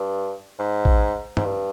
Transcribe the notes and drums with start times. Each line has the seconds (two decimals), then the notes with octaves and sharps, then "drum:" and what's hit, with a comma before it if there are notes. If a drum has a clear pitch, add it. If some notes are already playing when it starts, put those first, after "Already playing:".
Already playing: G2
0.59 G#2
0.85 drum: kick A1
1.37 G#2, drum: tom
1.45 G2